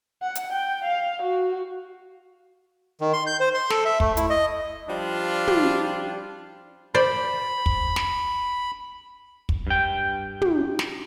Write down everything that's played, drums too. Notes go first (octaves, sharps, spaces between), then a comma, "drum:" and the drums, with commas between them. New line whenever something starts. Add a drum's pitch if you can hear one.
F#5
drum: hi-hat
G5
F5
F#4
D#3
C6
G6
C5
C6
A4, drum: snare
E5
A3, drum: kick
E4, drum: hi-hat
D#5
F3 G3 D4 F4
drum: tom
C5 D5 B5
drum: kick
drum: snare
drum: kick
G2 G5
drum: tom
drum: snare